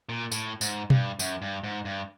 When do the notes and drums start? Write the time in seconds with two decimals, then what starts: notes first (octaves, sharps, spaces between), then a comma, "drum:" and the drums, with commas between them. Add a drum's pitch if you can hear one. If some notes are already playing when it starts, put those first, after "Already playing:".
0.09 A#2
0.32 A2, drum: tambourine
0.61 G#2, drum: tambourine
0.90 G2, drum: tom B2
1.19 F#2, drum: tambourine
1.42 G2
1.63 G#2
1.85 G2